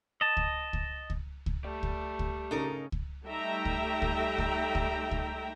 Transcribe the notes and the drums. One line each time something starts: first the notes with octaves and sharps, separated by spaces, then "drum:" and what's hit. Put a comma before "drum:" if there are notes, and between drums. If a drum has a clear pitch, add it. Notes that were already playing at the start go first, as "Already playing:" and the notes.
D#5 A5
drum: kick C#2
drum: kick C#2
drum: kick C#2
drum: kick C#2
A3 G4 D5
drum: kick C#2
drum: kick C#2
C#3 C#4 D#4 A4 A#4
drum: kick C#2
G3 A3 D#4 E5 G5 A#5
drum: kick C#2
drum: kick C#2
drum: kick C#2
drum: kick C#2
drum: kick C#2